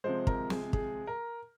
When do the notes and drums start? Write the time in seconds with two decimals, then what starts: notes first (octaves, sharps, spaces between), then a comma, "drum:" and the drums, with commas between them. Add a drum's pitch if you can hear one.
0.04 C3 F3 G#3 C5
0.27 A#4, drum: kick
0.50 G#4, drum: snare
0.73 G#4, drum: kick
1.07 A#4